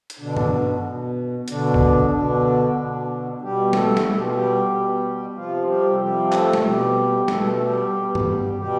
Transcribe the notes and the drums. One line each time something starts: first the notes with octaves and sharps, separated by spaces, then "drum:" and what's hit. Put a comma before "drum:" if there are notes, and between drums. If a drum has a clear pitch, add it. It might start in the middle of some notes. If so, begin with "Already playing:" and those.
drum: hi-hat
B2 D3 D4
drum: tom
B2
B2 D3 D4, drum: hi-hat
drum: kick
B2 D3 D4
B2
B2 G3 G4
A3 A4, drum: snare
drum: snare
B2 A4
G4
F4
G3 G4
B2
C3 F3 F4
G3 G4
A4
C3 F3 G3 G4
A3 A4, drum: clap
drum: snare
B2 G3 G4
B2 A3 A4, drum: snare
A4
G3 G4
B2
drum: tom
B2 G3 G4